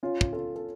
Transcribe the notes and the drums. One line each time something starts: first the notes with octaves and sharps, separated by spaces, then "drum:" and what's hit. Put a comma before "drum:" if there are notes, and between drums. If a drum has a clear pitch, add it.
C#4 F4
drum: kick
F4 A4
A4